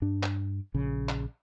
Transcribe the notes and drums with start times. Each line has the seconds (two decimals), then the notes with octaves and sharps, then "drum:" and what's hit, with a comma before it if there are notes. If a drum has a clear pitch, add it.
0.02 G2 D4
0.23 drum: clap
0.74 A#1 C#3
1.09 drum: clap